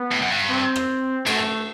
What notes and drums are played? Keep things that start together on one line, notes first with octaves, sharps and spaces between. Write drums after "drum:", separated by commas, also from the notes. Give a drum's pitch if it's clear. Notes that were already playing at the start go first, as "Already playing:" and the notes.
Already playing: B3
A2
F#2
G2
C4
drum: rim click
F#2 A3, drum: cymbal